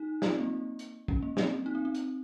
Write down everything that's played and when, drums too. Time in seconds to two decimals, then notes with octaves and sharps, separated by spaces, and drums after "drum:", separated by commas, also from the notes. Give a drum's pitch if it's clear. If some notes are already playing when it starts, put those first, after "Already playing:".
Already playing: D#4
0.22 F4, drum: snare
0.31 C4
0.41 A#3
0.79 drum: hi-hat
1.08 C#4, drum: kick
1.22 A#3
1.37 C4, drum: snare
1.66 D#4
1.75 C4
1.85 C4
1.95 drum: hi-hat